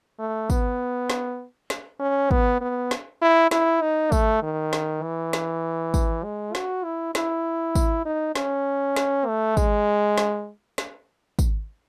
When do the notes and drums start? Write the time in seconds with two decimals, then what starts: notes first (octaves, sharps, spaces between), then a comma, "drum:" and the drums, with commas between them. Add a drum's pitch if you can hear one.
0.19 A3
0.50 B3, drum: kick, tambourine
1.10 drum: snare
1.70 drum: snare
2.00 C#4
2.31 B3, drum: kick
2.61 B3
2.91 drum: snare
3.22 E4
3.51 E4, drum: snare
3.82 D#4
4.12 A3, drum: kick, tambourine
4.43 D#3
4.73 drum: snare
5.03 E3
5.33 drum: snare
5.94 drum: kick, tambourine
6.24 G#3
6.55 F#4, drum: snare
6.84 E4
7.15 E4, drum: snare
7.75 drum: kick, tambourine
8.06 D#4
8.35 C#4, drum: snare
8.96 drum: snare
9.27 A3
9.57 G#3, drum: kick, tambourine
10.18 drum: snare
10.78 drum: snare
11.39 drum: kick, tambourine